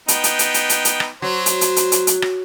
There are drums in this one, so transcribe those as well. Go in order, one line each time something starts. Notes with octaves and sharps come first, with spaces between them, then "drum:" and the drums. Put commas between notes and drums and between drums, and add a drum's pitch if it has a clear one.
B3 D#4 G5, drum: hi-hat
drum: hi-hat
drum: hi-hat
drum: hi-hat
drum: hi-hat
drum: hi-hat
drum: rim click
F#3 C5
drum: hi-hat
drum: hi-hat
drum: hi-hat
drum: hi-hat
drum: hi-hat
drum: rim click